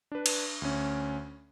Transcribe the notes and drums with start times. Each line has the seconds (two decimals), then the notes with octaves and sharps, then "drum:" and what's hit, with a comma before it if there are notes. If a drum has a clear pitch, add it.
0.12 D4 B4
0.26 drum: cymbal
0.62 D2 C#4